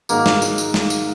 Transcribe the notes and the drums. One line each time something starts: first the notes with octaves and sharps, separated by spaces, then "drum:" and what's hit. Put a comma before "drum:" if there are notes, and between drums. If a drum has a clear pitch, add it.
G#2 D#3 G#3 A#3 D#4 F#4, drum: tambourine
drum: snare
drum: tambourine
drum: tambourine
drum: snare
drum: tambourine